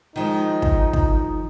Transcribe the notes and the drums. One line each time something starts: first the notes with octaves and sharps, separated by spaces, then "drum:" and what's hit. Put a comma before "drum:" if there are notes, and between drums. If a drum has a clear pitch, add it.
D#3 F3 G#3 D#4
drum: kick
drum: kick